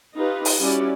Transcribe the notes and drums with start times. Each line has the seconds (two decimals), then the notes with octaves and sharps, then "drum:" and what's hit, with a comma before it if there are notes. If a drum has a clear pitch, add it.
0.16 D#4 F4 G4 B4
0.45 drum: open hi-hat
0.60 G3 C#4 E4 F#4 D5